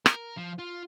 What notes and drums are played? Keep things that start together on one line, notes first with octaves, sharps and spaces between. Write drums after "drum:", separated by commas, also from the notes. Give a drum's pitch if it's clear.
A#4, drum: rim click
F3
F4